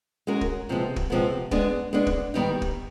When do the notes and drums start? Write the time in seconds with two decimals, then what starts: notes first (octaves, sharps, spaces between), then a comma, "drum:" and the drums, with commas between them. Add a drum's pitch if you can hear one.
0.27 G#3 C#4 F#4 A#4
0.41 drum: kick
0.69 C3 F3 G#3 B3
0.96 drum: kick
1.10 C3 F3 G#3 B3
1.51 G#3 B3 D4, drum: kick
1.93 G#3 B3 D4
2.07 drum: kick
2.34 G#2 D#3 G3 B3 D#4
2.62 drum: kick